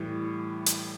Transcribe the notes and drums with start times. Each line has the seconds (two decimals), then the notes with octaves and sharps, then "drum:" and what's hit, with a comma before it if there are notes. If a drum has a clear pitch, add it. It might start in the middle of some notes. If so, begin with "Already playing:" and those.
Already playing: A2 E3 G3
0.66 drum: hi-hat